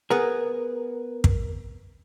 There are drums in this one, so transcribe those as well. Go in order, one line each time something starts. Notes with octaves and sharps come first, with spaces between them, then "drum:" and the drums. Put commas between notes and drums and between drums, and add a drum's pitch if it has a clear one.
B3 G#4 A#4
drum: kick